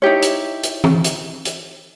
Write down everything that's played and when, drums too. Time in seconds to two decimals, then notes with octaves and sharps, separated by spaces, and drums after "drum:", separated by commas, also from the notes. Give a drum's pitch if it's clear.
0.02 D#4 E4 G4 C#5
0.22 drum: hi-hat
0.63 drum: hi-hat
0.84 drum: tom E3
1.04 drum: hi-hat
1.45 drum: hi-hat